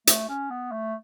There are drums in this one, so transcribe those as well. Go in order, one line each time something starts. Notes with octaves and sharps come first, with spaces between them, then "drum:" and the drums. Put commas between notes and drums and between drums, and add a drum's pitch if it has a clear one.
A3, drum: hi-hat
C#4
B3
A3